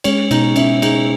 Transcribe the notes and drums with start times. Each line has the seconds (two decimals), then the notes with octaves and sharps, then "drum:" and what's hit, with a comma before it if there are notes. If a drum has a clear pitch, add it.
0.04 G#3 C#4, drum: cymbal
0.31 B2 D#4, drum: cymbal
0.56 C#4 E4, drum: cymbal
0.82 D#4 G#4, drum: cymbal